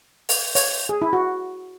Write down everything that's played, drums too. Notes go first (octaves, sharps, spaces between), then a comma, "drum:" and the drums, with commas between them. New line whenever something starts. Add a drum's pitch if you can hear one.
drum: open hi-hat
C#5, drum: open hi-hat
G#4
E4
F#4